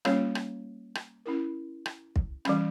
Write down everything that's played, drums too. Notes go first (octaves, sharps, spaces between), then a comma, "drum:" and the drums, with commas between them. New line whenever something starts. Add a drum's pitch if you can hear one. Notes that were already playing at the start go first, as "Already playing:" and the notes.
G3 A#3 C#4 F4 C#5, drum: rim click
drum: rim click
drum: rim click
C#4 E4 A#4
drum: rim click
drum: kick
E3 G3 C#4, drum: rim click